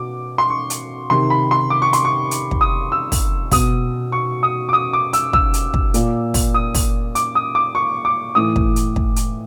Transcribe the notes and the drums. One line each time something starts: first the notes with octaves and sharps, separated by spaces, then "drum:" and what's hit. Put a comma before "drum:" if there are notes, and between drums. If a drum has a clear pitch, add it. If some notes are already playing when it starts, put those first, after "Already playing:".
Already playing: B2 D6
C6
C#6
drum: hi-hat
C3 D#3 C6
B5
C6
D6
C#6
C6, drum: hi-hat
C#6
drum: hi-hat
drum: kick
D#6
E6
drum: kick, open hi-hat
B2 D#6, drum: kick, open hi-hat
C#6
D#6
D6
D#6
D6
E6, drum: hi-hat
E6, drum: kick
drum: hi-hat
drum: kick
A#2, drum: hi-hat
drum: kick, open hi-hat
D#6
drum: kick, open hi-hat
D6, drum: hi-hat
D#6
D6
C#6
D6
A2 E3 D#6
drum: kick
drum: hi-hat
drum: kick
drum: hi-hat